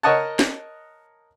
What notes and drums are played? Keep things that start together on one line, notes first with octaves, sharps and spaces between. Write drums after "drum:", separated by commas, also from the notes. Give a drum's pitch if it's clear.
A#4 C#5 D#5 F#5 A5
drum: snare